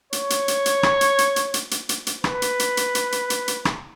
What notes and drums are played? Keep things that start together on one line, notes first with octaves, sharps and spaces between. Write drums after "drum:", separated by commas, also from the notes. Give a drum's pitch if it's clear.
C#5, drum: hi-hat
drum: hi-hat
drum: hi-hat
drum: hi-hat
drum: rim click
drum: hi-hat
drum: hi-hat
drum: hi-hat
drum: hi-hat
drum: hi-hat
drum: hi-hat
drum: hi-hat
B4, drum: rim click
drum: hi-hat
drum: hi-hat
drum: hi-hat
drum: hi-hat
drum: hi-hat
drum: hi-hat
drum: hi-hat
drum: rim click